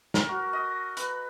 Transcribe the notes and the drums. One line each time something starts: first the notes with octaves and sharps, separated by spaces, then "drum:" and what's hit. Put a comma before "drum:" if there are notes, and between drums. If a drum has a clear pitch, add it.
A#4, drum: snare
F#4
D#5
B4, drum: hi-hat